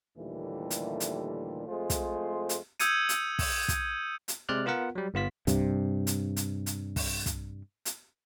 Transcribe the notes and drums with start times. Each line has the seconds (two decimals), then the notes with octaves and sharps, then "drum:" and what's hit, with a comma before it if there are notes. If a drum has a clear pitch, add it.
0.17 D#2 A#2 D3 E3 G3 A3
0.71 drum: hi-hat
1.00 drum: hi-hat
1.68 F2 G#3 A3 F4 C5
1.90 drum: kick, hi-hat
2.49 drum: hi-hat
2.80 D#6 E6 G6 G#6 C#7 D#7, drum: hi-hat
3.09 drum: hi-hat
3.39 drum: kick, open hi-hat
3.68 drum: kick, hi-hat
4.28 drum: hi-hat
4.49 C3 G#3 D5 F6 F#6
4.66 B3 F4 A#4 F#5
4.95 F#3 G3
5.14 G1 B3 F4 B6
5.47 G2 C3, drum: kick, hi-hat
6.07 drum: hi-hat
6.37 drum: hi-hat
6.66 drum: hi-hat
6.96 drum: kick, open hi-hat
7.26 drum: kick, hi-hat
7.85 drum: hi-hat